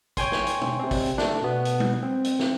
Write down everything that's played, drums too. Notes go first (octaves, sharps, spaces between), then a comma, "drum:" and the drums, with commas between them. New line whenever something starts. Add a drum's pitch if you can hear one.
C#5 G5 G#5 C6, drum: kick, hi-hat
drum: snare
drum: hi-hat
drum: tom
C3 C4
drum: kick, open hi-hat
drum: hi-hat
A3 D4, drum: snare
B2 B3
drum: hi-hat
drum: tom
C4
drum: hi-hat
drum: snare